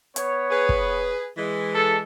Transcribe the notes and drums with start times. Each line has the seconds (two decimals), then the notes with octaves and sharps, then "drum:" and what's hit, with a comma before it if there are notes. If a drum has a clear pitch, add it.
0.16 B3 C#5, drum: hi-hat
0.51 G#4 B4
0.69 drum: kick
1.37 E3 G#3
1.75 A4